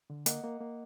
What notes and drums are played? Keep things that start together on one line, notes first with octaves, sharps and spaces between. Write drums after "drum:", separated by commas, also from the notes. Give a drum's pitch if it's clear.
D3
A#3 D#5 F#5, drum: hi-hat
A#3
A#3